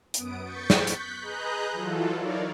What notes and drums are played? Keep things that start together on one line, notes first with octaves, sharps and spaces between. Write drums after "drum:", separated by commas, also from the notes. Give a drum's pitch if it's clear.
F#2 B3 D#6 D7, drum: hi-hat
C#6 G6 A6 B6 C#7
drum: snare
F#6 G6 B6, drum: hi-hat
G#4 B4 D#5 A#5 F#6 G6
E3 F#3 F4 A4
D#4 E4 A#4 C#5 D5 F5